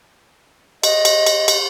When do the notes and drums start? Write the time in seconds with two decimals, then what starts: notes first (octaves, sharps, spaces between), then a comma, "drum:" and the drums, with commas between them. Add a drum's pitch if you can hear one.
0.83 D#5, drum: cymbal
1.05 drum: cymbal
1.26 drum: cymbal
1.48 drum: cymbal